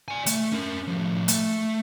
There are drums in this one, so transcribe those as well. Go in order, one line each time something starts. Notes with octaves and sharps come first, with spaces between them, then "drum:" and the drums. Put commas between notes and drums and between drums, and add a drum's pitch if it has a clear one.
D5 G#5
A3, drum: hi-hat
C#4 A#4
A2 F3
A3, drum: hi-hat